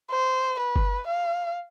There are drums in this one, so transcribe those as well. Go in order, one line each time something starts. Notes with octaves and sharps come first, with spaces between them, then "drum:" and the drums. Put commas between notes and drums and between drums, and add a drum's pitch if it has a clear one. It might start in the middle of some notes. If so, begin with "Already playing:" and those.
C5
B4
drum: kick G1
F5